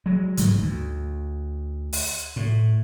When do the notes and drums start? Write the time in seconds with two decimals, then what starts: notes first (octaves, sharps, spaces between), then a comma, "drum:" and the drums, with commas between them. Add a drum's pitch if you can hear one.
0.06 F#3 G#3
0.37 G1 G#2 E3 A3, drum: hi-hat
0.62 D2
1.93 drum: open hi-hat
2.36 A2